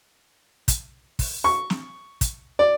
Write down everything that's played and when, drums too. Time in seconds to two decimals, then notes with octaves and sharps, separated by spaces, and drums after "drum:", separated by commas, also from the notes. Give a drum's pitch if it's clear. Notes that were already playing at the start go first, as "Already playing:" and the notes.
0.68 drum: kick, hi-hat
1.19 drum: kick, open hi-hat
1.44 C#6
1.70 drum: snare
2.21 drum: kick, hi-hat
2.59 D5